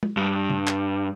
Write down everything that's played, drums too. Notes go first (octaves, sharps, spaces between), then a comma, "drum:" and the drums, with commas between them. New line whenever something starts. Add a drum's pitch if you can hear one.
drum: tom
G2
drum: tom
drum: clap